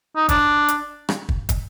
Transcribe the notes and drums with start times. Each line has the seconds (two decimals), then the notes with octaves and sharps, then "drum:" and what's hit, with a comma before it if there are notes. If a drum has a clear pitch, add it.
0.16 D#4
0.29 D4, drum: kick, hi-hat
0.68 drum: hi-hat
1.09 drum: rim click
1.29 drum: kick
1.49 drum: kick, hi-hat